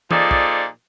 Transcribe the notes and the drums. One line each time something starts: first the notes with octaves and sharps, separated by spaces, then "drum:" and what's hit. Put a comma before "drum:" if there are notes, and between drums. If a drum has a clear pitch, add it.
A#2 F3 D#4 G#4 A4 D5, drum: tom
drum: kick